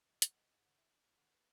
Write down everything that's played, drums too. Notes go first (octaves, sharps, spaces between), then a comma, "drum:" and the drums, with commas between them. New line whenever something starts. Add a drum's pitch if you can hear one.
D#3
B3, drum: hi-hat
D#5
G#2
D3
E4
D4
A#4
D3
B4